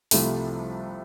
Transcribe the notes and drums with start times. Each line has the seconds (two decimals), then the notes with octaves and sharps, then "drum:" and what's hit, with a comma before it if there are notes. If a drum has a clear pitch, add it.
0.11 C2 C3 F3 A3, drum: open hi-hat